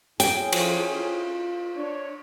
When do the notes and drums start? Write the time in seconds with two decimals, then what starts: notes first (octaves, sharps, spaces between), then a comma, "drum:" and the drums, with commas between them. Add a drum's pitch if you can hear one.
0.20 C#4 E4 G#4 G5, drum: hi-hat
0.52 F3, drum: cymbal
0.85 F4
1.76 D4 C#5